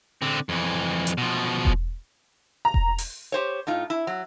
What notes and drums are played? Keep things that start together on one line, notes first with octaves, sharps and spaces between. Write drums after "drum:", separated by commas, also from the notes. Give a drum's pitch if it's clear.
D3 C4
F2 E3
drum: hi-hat
B2 F3
drum: kick E1
A#5
drum: kick E1
drum: open hi-hat
G4 C5 C#5
A2 D#4 F4
E4
F#3